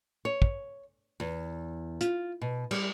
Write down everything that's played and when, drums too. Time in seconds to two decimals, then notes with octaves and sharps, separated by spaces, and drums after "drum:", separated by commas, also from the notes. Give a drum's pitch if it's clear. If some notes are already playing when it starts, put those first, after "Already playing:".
0.25 C#5
0.42 drum: kick
1.20 E2
2.01 F4, drum: hi-hat
2.41 B2
2.71 G3, drum: cymbal